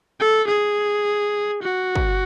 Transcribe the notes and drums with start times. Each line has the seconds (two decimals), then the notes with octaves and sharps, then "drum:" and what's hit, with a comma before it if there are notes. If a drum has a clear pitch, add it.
0.20 A4
0.48 G#4
1.63 F#4
1.95 drum: kick